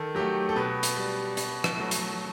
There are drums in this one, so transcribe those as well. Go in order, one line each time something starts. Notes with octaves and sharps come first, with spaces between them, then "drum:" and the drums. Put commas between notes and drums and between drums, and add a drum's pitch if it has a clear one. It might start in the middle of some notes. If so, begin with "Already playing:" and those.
Already playing: D#3 A4
F#3 A3 G4
A4
B2 B4
drum: hi-hat
G3
B2, drum: hi-hat
drum: rim click
F#3 A3
drum: hi-hat